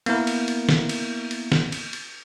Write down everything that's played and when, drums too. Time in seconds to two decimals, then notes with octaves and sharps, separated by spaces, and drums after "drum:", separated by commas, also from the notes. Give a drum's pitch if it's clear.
0.06 A#3 B3 E4 A#4, drum: cymbal
0.27 drum: cymbal
0.48 drum: cymbal
0.69 drum: snare
0.89 drum: cymbal
1.31 drum: cymbal
1.52 drum: snare
1.72 drum: cymbal
1.93 drum: cymbal